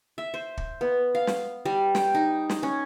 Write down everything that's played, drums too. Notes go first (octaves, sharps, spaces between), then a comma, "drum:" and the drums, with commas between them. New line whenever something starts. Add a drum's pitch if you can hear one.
E5
C5
drum: kick
B3
F5
drum: snare
G3
G5, drum: snare
D#4
drum: snare
C#4